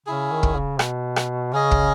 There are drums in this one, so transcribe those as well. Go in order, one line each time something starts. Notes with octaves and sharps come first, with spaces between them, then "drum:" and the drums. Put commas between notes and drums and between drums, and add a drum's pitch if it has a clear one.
C#3 C#4 E4 G#4
D#3
drum: kick
C#3
B2, drum: rim click
drum: rim click
C#3 C#4 G#4 D#5
drum: kick